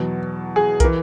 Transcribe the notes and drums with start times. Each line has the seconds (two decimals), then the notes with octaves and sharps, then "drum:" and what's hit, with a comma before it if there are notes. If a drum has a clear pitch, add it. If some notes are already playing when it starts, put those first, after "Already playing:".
Already playing: E2 B2 F#3
0.56 G#4
0.80 A#4, drum: kick, hi-hat
0.84 E3